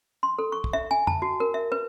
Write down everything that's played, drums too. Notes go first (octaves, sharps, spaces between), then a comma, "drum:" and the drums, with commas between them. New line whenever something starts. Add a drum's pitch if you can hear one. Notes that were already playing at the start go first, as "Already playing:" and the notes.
C6
A4
C#6
drum: kick
E5
G#5
A5, drum: tom F2
F#4
A#4
E5
B4